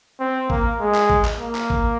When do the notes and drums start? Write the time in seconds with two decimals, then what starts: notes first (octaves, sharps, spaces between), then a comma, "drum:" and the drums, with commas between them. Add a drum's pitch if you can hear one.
0.20 C4
0.50 A#3, drum: kick
0.79 G#3
0.94 drum: clap
1.10 drum: kick
1.25 drum: clap
1.40 A#3
1.55 drum: clap
1.70 drum: kick